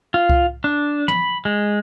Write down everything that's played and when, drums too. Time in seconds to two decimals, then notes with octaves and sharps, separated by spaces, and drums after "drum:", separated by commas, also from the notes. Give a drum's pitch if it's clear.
0.14 F4
0.29 drum: kick C2
0.64 D4
1.08 B5, drum: tom
1.45 G#3